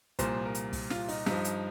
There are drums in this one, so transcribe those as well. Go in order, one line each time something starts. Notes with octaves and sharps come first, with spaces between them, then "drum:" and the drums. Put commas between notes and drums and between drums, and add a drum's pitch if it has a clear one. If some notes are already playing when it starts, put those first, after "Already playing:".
C2 A#2 F3 C5, drum: kick, hi-hat
A#4
drum: hi-hat
drum: kick, open hi-hat
F4, drum: snare
D#4, drum: open hi-hat
G2 F3 D#4, drum: snare
drum: hi-hat